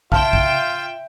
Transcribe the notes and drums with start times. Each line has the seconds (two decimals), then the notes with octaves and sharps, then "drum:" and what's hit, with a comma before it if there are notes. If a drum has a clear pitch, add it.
0.12 F4 E5 F5 G5 A5, drum: kick
0.33 drum: kick